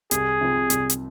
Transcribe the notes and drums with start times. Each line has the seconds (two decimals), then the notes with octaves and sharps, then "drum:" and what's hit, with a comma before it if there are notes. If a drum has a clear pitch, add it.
0.11 C2 G#4, drum: hi-hat
0.41 C3 F3 C4
0.70 C2, drum: hi-hat
0.90 drum: hi-hat